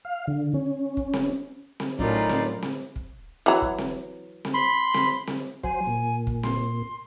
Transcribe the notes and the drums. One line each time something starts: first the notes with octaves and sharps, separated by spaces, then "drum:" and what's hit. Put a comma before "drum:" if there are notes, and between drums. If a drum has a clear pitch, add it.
F5
D3
C#4
drum: kick
drum: snare C4
drum: snare C4
A2 F#3 C#4 D#4 F4 A#4 D5, drum: kick
drum: snare C4
drum: snare C4
drum: kick
E3 F#3
drum: kick
drum: snare C4
drum: snare C4
B5 C6
drum: snare C4
drum: snare C4
F#3 C5 G#5, drum: kick
A#2
drum: kick
C6, drum: snare C4